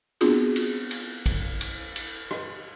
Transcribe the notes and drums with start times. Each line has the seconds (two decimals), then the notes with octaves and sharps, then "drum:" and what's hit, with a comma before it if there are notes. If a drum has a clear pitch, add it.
0.21 B3 C4 D4 F4 F#4 G#4, drum: cymbal
0.56 drum: cymbal
0.91 drum: cymbal
1.26 drum: kick, cymbal
1.61 drum: cymbal
1.96 drum: cymbal
2.31 drum: rim click